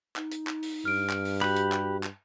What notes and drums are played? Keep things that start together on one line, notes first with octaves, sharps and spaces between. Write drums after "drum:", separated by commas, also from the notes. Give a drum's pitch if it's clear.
D#4, drum: clap
drum: hi-hat
drum: clap
drum: open hi-hat
G2 F6 D7
drum: clap
drum: open hi-hat
F#4 G4 B5 F#6, drum: clap
drum: hi-hat
drum: clap
drum: clap